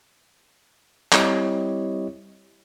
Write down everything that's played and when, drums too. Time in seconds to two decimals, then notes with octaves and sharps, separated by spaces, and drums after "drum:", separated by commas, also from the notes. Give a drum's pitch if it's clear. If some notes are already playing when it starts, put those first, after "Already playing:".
1.12 G3 C4 E4 G4 C#5 D#5, drum: clap